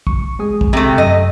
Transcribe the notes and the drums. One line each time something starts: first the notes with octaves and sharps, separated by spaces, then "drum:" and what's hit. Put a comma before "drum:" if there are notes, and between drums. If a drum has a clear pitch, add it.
C#6, drum: kick
G#3 G#4 D#6
drum: kick
C3 A3
F#2 D#5